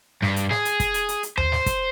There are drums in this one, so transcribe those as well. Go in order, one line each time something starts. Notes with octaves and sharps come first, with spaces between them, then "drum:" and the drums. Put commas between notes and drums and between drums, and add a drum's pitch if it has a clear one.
G2, drum: snare
drum: hi-hat
G#4, drum: snare
drum: hi-hat
drum: kick, hi-hat
drum: hi-hat
drum: hi-hat
drum: hi-hat
C5, drum: tom D#2
drum: snare
drum: kick, hi-hat